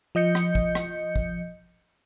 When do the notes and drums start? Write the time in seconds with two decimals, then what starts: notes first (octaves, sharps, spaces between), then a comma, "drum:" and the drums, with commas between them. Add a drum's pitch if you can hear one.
0.15 F3 D#5 G6 C#7
0.35 drum: rim click
0.55 drum: kick
0.75 drum: rim click
1.16 drum: kick